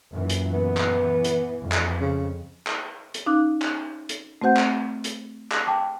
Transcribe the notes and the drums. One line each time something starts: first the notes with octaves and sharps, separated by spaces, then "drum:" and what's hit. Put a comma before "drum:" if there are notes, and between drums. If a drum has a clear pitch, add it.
F#2 A#2 E3
drum: hi-hat
B3
drum: clap
E3
drum: hi-hat
F2
drum: clap
C#3
drum: clap
drum: hi-hat
C#4 D#4 F5 D6 F#6
drum: clap
drum: hi-hat
A3 C4 F#4 C5 F#5 G6
drum: clap
drum: hi-hat
drum: clap
G5 A5 D6